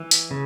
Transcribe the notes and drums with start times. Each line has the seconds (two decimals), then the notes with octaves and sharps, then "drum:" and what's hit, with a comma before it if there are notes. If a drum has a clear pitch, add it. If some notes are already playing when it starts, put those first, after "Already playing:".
Already playing: E3
0.11 drum: hi-hat
0.31 C#3